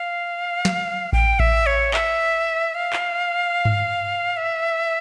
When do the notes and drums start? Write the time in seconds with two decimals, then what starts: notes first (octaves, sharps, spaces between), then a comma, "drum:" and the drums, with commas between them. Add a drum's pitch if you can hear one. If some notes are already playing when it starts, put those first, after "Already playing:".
Already playing: F5
0.65 drum: snare
1.13 G5, drum: kick A1
1.39 E5, drum: kick A1
1.66 C#5
1.94 E5, drum: clap
2.75 F5
2.93 drum: clap
3.65 drum: tom G2
4.37 E5